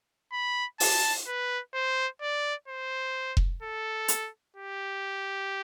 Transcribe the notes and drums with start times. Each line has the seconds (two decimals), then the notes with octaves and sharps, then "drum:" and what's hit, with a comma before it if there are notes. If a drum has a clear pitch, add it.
0.32 B5
0.80 A5, drum: open hi-hat
1.27 B4
1.74 C5
2.22 D5
2.68 C5
3.37 drum: kick F1
3.63 A4
4.08 drum: hi-hat
4.57 G4